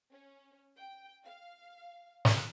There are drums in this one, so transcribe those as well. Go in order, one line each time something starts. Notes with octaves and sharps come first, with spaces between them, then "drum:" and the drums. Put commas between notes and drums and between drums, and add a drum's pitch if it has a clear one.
C#4
G5
F5
drum: snare